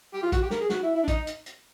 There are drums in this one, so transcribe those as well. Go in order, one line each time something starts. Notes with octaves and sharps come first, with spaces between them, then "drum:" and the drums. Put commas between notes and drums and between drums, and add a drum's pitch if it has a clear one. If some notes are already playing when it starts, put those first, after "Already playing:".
G4
F4
F#4, drum: kick, hi-hat
G4
A#4, drum: snare
G#4
F#4, drum: snare
E4
E4
D4
D#4, drum: kick, hi-hat
drum: hi-hat
drum: hi-hat